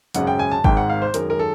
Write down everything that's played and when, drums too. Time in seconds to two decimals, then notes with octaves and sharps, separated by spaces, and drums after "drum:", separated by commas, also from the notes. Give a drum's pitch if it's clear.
0.14 G#1 F#2 C#3 F#5, drum: hi-hat
0.27 G5
0.39 G#5
0.51 A5
0.64 G#1 G#2 D#3 G5, drum: kick G1
0.77 F#5
0.90 F5
1.02 C5
1.14 F#2 D#3 G#3 A#4, drum: hi-hat
1.30 A#4
1.39 A4